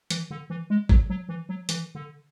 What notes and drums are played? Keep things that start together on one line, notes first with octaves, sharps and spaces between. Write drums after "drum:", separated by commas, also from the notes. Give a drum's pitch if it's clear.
E3, drum: hi-hat
D3
E3
G#3
F#3, drum: kick
F#3
E3
F#3
E3, drum: hi-hat
D3